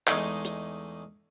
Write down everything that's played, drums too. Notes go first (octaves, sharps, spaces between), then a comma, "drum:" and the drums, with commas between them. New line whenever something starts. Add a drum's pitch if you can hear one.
E2 G#3 A3 D#4 C#6, drum: clap
drum: hi-hat